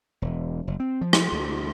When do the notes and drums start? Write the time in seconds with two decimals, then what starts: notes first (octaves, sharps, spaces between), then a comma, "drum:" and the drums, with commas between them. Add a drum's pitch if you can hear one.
0.22 E1
0.67 F#1
0.80 C4
1.01 F3
1.13 drum: rim click
1.32 D2